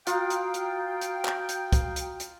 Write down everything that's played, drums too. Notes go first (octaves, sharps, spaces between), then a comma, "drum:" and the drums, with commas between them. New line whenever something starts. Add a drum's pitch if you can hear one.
F4 F#4 F5 G5 A#5 D#6, drum: hi-hat
drum: hi-hat
drum: hi-hat
drum: hi-hat
drum: clap
drum: hi-hat
drum: kick, hi-hat
drum: hi-hat
drum: hi-hat